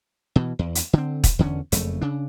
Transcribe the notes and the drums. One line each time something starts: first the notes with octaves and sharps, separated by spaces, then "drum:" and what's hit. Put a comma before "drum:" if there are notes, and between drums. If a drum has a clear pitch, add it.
B2 E3
E2
drum: hi-hat
D3 C4
drum: kick, hi-hat
E2 D3 C4 C#4
F#1 F2 C#3 A3, drum: hi-hat
C#3 D4